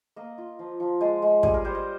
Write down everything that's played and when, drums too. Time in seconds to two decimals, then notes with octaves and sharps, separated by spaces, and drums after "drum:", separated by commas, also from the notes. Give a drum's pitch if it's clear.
0.16 A#3 D#5
0.38 F4
0.59 F3
0.80 F3
1.01 G#3 D5
1.22 G#3
1.43 G3 G#4, drum: kick
1.54 A#4
1.65 G3 C5
1.75 D#5